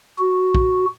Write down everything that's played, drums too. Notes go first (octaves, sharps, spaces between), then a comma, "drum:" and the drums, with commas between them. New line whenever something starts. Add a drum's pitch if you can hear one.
F#4
drum: kick